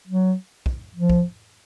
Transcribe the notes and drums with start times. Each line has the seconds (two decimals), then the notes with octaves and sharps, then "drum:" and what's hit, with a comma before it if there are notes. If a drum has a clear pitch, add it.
0.07 F#3
0.66 drum: kick
0.95 F3
1.09 drum: kick